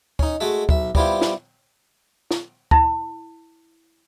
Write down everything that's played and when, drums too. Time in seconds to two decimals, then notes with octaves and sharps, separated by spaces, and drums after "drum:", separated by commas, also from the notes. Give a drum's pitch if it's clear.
0.19 C#4 D#4, drum: kick
0.40 G#3 A3 F#4 A4 E5
0.69 B1 E5, drum: kick
0.95 G3 B3 C4 E4 F4 G4, drum: kick
1.21 drum: snare
2.31 drum: snare
2.71 E4, drum: kick